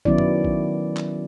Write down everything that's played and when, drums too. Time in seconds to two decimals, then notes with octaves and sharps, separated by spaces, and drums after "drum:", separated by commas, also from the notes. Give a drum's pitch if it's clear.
0.05 D#3 F#3 B3 C#4 E4 D5, drum: kick A1
0.18 drum: tom F#2
0.45 drum: kick A1
0.97 drum: clap